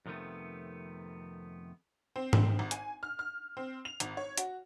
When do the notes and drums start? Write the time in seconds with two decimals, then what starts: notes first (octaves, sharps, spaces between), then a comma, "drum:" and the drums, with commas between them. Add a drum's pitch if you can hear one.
0.06 F2 C3 D#3 A3 B3
2.16 C4
2.33 drum: tom G#2
2.59 G#1
2.71 G#5, drum: hi-hat
3.03 F6
3.19 F6
3.57 C4
3.85 F7
4.00 G#1, drum: hi-hat
4.17 C#5
4.38 F#4, drum: hi-hat